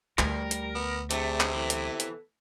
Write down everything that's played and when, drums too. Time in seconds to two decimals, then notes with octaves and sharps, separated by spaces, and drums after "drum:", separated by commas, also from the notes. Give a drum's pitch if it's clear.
0.19 D2 G3 A#4, drum: clap
0.51 drum: hi-hat
0.75 B3
1.11 C3 A3 D4 G#4, drum: hi-hat
1.40 drum: clap
1.55 E3 B3 A4
1.70 drum: hi-hat
2.00 drum: hi-hat